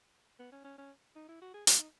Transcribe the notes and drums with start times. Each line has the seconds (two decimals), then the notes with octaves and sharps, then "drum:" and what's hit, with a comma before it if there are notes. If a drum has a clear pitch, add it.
0.40 B3
0.53 C#4
0.65 C#4
0.78 C#4
1.16 D#4
1.29 E4
1.42 F#4
1.54 G#4
1.67 F#4, drum: hi-hat
1.79 D#4